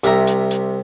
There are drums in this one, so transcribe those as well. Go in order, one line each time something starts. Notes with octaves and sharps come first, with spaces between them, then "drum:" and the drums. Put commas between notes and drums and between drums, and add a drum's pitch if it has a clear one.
C2 C3 E5 A#5, drum: hi-hat
drum: hi-hat
drum: hi-hat